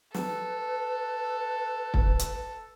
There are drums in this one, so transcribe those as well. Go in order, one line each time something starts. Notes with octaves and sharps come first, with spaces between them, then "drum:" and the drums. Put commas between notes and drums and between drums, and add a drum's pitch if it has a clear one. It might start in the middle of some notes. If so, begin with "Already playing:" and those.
A4 B4, drum: snare
drum: kick
drum: hi-hat